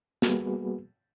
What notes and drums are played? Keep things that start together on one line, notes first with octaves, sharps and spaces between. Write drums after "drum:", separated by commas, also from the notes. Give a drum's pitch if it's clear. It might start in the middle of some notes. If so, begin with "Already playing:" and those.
G3 A#3 B3 F#4 G#4 B4, drum: snare